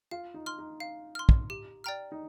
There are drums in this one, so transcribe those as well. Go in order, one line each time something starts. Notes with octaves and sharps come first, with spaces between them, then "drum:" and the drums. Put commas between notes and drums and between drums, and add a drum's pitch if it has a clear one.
F4 F5
D#4
C6 F6
D#4
F5
C6 F6
drum: kick
G4
D5 G5 A#5 F6
D#4